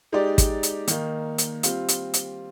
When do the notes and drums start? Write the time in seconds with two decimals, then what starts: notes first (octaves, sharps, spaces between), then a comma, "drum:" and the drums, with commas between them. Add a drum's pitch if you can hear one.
0.12 G#3 D#4 G4 D5
0.38 drum: kick, hi-hat
0.63 drum: hi-hat
0.88 D#3 A#3 D#4, drum: hi-hat
1.38 drum: hi-hat
1.63 G3 C4 F4, drum: hi-hat
1.88 drum: hi-hat
2.14 drum: hi-hat